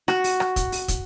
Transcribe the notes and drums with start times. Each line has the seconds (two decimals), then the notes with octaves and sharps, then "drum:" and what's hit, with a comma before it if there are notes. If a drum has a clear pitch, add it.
0.08 F#4, drum: rim click
0.24 drum: open hi-hat
0.40 drum: rim click
0.56 drum: kick, hi-hat
0.72 drum: open hi-hat
0.88 drum: kick, hi-hat